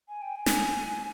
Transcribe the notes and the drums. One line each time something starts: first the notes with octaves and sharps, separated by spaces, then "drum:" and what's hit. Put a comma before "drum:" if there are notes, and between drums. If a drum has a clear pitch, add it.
G#5
G5
G#5
drum: snare